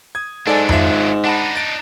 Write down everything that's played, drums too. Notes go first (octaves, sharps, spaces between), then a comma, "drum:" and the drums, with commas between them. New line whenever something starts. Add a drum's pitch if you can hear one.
D#6 G#6
G#2 F#3 D4 A4 D5 G#5
G#1 F4 E5, drum: tom F2
D4 D#4 F#5 A5 B5
A6 D7